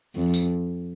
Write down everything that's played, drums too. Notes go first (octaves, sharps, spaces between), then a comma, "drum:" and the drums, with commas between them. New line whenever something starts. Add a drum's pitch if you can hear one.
F2
drum: tambourine